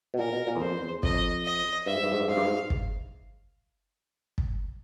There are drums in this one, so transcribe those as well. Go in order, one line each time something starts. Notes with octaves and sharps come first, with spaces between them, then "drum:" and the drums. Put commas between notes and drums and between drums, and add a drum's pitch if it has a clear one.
B2
A#2 A#4
B2
A#2
E2
F2 C5
E2
F2 D#5, drum: kick
D#5
G2 E5
G#2
G2
G#2
G2
G#2 F5
G2
G#2
drum: kick
drum: kick